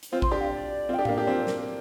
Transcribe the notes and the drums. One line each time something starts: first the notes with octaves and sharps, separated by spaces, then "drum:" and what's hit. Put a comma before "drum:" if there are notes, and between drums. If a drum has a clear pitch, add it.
drum: hi-hat
C4 F4 C5
C6, drum: kick
D4 G4 G5
F5
D5
C4 F4
D4 G4 G5
A#3 D4 F5, drum: tom A2
D4 G4 D5
C4 F4 C5
A#4, drum: snare